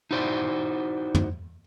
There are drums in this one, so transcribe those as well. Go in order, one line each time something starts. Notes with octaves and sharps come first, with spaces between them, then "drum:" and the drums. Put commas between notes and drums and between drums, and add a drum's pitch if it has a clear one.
D#4 E4 F#4 C5 D5
drum: tom